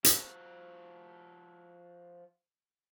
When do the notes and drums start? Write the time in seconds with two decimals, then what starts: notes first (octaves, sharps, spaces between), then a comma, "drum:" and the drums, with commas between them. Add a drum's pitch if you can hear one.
0.04 F3 F#4, drum: hi-hat